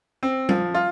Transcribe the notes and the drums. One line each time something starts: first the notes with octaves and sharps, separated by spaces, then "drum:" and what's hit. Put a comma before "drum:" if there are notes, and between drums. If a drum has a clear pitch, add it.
C4
F3, drum: tom G3
F4